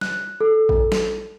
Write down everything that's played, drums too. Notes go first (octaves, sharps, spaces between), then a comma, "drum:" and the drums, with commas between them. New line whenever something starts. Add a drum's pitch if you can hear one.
F#6, drum: snare
A4
drum: kick A1
drum: snare